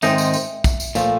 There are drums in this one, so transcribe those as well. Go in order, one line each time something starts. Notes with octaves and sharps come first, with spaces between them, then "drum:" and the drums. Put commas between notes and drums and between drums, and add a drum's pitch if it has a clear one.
G#2 D#3 G#3 C4 D#4 E5, drum: tambourine
drum: tambourine
drum: tambourine
drum: kick, tambourine
drum: tambourine
A#2 F3 A3 F5, drum: tambourine